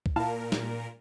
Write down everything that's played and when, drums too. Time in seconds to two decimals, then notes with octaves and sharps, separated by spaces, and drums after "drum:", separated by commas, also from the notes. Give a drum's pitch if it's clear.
0.06 drum: kick
0.16 A#2 E4 A#4 F5 A5
0.52 drum: snare